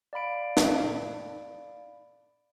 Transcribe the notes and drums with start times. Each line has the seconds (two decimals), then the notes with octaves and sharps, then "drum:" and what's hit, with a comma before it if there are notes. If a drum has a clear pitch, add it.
0.13 D5 F5 B5 D7
0.57 drum: snare